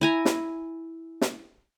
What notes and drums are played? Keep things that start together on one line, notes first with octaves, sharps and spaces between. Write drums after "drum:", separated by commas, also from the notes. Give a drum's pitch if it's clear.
E4 G#5 A#5
drum: snare
drum: snare